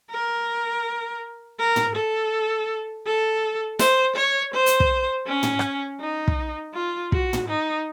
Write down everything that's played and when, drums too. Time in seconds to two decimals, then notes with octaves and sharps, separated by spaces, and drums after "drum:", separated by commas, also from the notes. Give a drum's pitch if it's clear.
0.11 A#4
1.59 A#4
1.76 drum: tom
1.96 A4
3.07 A4
3.79 C5, drum: snare
4.17 C#5
4.54 C5
4.66 drum: hi-hat
4.80 drum: kick
5.27 C#4
5.43 drum: tom
5.59 drum: rim click
6.00 D#4
6.28 drum: kick
6.74 F4
7.12 F#4, drum: kick
7.33 drum: tom
7.49 D#4